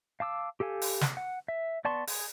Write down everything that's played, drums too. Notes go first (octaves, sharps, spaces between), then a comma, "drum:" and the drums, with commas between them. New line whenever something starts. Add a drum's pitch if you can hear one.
F5 A5 D6 E6
G4 A4 F5 G#5
drum: open hi-hat
drum: snare
F#5
E5
B3 D5 A5 C6 C#6
G#4, drum: open hi-hat